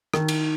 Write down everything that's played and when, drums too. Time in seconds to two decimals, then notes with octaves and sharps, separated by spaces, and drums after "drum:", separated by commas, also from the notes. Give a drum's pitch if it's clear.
0.14 D#3 D#4, drum: rim click
0.28 drum: cymbal